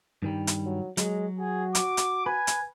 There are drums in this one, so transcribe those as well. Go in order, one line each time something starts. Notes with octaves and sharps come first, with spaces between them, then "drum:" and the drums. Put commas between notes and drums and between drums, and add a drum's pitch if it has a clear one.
G2 D#3 G3
drum: hi-hat
F#3
F#3 G#3, drum: hi-hat
F#4 G#4
D6, drum: hi-hat
drum: hi-hat
B4 G#5
drum: hi-hat